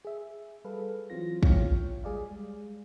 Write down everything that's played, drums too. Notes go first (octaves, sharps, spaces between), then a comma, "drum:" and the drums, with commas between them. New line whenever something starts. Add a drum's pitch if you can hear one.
G#4 E5
G3 G#4 A4 B4 F5
E3 F#3 C4 F4 A#6
E3 F4 C#5 F5 G5, drum: kick
G3 G#3 G#4 D5 F5